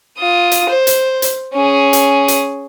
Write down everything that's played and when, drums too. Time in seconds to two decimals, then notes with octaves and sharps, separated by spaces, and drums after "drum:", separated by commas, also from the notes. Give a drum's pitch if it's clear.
0.19 F4 D#6
0.51 drum: hi-hat
0.69 C5
0.87 drum: hi-hat
1.22 drum: hi-hat
1.53 C#4 G#4
1.93 drum: hi-hat
2.28 drum: hi-hat